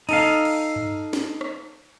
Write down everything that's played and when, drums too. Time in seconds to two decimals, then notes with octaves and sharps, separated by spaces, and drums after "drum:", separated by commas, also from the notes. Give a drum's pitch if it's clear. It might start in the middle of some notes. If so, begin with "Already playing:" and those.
0.09 D#4 A4 F5, drum: cymbal
0.45 drum: cymbal
0.76 drum: tom G2
1.13 drum: snare
1.41 drum: rim click